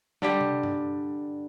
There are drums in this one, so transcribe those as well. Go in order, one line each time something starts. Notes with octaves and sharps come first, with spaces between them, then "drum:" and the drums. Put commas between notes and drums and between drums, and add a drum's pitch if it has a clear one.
D3 G3 G4, drum: snare
drum: tom
drum: tom G2